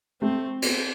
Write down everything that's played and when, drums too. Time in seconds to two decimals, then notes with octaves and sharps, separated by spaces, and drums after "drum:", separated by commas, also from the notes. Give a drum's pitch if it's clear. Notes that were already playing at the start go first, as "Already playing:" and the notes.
0.22 A3 C4
0.62 B3, drum: cymbal